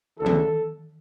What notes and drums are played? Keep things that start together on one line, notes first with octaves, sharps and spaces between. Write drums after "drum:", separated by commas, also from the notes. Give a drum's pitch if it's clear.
D2 C#3 E3 A4
drum: tom D#3